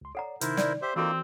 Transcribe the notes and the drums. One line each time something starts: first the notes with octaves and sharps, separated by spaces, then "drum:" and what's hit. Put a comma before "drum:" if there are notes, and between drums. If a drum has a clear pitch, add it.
C#2 C6
A4 C#5 D5 F#5 A#5
C3 D#3 D#4 E4 A#4 C5, drum: hi-hat
D5, drum: snare
G4 C5 E5
E3 A#3 C4 D#4 F4 F#4 A4